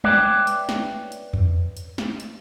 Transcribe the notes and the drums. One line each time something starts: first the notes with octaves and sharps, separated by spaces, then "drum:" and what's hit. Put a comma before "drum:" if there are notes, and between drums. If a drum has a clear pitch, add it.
B4 C#5 D5 E5 G5, drum: tom
drum: hi-hat
drum: snare
drum: hi-hat
drum: tom E2
drum: hi-hat
drum: snare
drum: hi-hat